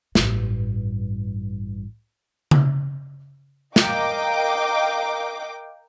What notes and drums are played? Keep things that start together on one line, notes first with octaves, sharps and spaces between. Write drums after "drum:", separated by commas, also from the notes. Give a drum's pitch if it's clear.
A1 G2, drum: snare
drum: tom C#3
A#4 D#5 F5 G5 D6, drum: snare